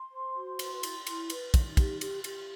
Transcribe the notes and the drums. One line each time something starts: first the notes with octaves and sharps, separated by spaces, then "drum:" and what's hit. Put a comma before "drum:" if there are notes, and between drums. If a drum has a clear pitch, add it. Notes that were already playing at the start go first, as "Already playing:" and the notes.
Already playing: C6
C5
F#4
B4, drum: cymbal
E4, drum: cymbal
E4, drum: cymbal
B4, drum: cymbal
D#4, drum: kick, cymbal
G4, drum: kick, cymbal
G4, drum: cymbal
G4, drum: cymbal